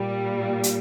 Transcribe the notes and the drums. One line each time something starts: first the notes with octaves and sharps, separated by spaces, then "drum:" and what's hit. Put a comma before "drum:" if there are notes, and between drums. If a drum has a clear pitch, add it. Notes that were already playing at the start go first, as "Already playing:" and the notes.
Already playing: A#2 G3
drum: hi-hat